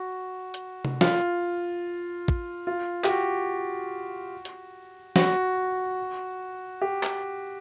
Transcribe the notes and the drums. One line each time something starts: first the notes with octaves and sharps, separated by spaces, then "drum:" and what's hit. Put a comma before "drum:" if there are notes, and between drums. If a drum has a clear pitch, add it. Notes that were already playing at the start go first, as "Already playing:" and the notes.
Already playing: F#4
drum: hi-hat
drum: tom C3
F4, drum: snare
drum: kick
F4
G4, drum: clap
F#4
drum: hi-hat
F#4, drum: snare
G4
drum: clap